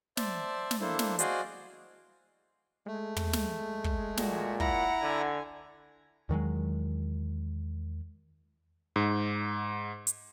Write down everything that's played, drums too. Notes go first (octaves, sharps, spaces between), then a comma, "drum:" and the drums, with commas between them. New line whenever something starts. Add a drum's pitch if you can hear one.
C5 D5 E5 A5, drum: snare
drum: snare
A#3 D4 E4 A4 C5
drum: snare
F#4 G#4 C5 D5 D#5 F5, drum: hi-hat
G#3 A3
drum: tom
drum: snare
drum: kick
A#2 F#4, drum: snare
E4 F#5 A#5, drum: kick
D3 G#5
E2 D#3 F#3 G#3
G#2
drum: hi-hat